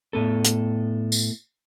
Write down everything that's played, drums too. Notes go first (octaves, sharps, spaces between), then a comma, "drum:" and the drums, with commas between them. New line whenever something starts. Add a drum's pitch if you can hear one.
A2 B3 A4
drum: hi-hat
drum: tambourine